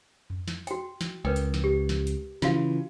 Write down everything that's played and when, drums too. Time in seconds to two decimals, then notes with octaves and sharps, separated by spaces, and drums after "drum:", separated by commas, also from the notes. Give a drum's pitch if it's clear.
0.30 drum: tom F2
0.48 drum: snare
0.67 F#4 G5, drum: hi-hat
1.01 drum: snare
1.25 C#2 A#4 B4 G5
1.36 drum: hi-hat
1.54 drum: snare
1.64 G4
1.89 drum: snare
2.07 drum: hi-hat
2.42 C#3 E3 F4 F#4 F5, drum: snare